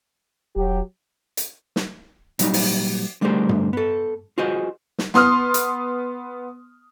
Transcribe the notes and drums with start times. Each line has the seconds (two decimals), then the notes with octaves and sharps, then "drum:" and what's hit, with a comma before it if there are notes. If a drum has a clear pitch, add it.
0.56 E1 F#3 G4
1.37 drum: hi-hat
1.76 drum: snare
2.39 A#2 F#3 G3 D#4, drum: hi-hat
2.54 drum: open hi-hat
3.21 D3 G3 A3 G#4 A#4 C5
3.49 drum: tom G2
3.73 B3 A4
4.38 F4 F#4 G#4 C5 D#5
4.99 drum: snare
5.14 B3 C6 D#6 F6, drum: snare
5.54 drum: hi-hat